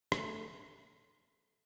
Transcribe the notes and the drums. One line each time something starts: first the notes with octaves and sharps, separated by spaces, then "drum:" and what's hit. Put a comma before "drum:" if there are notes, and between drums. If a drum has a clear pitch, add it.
A3, drum: rim click